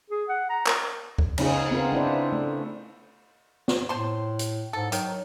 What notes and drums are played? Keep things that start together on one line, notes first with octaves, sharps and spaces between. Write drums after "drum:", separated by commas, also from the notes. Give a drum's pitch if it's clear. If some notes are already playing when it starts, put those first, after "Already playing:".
G#4
F#5
A#5
A#4, drum: clap
drum: kick C#2
C#3 B3 D#4 F4 G#4, drum: cymbal
B3 C4 F4 A#4
D4 E4 C5
A3
drum: snare
A2 C5 A5 C6
drum: hi-hat
G#2 A4
D#3 F#3, drum: hi-hat